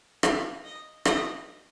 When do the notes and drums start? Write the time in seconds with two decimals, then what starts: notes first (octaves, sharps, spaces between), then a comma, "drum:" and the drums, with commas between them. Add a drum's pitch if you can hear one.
0.23 F5, drum: rim click
0.64 D#5
1.05 D#5, drum: rim click